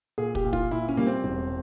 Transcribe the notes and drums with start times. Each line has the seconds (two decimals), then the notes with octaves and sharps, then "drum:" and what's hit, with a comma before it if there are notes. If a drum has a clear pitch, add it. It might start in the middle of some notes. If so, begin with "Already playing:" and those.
0.18 A#2 G#4
0.35 G4, drum: kick
0.44 A#2
0.53 F4, drum: kick
0.71 A#2 E4
0.89 C#4
0.97 G3 A#3
1.06 C4
1.24 E1